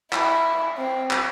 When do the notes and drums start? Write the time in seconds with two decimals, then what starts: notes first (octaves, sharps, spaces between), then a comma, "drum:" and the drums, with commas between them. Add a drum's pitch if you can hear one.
0.13 E4, drum: clap
0.77 C4
1.11 drum: clap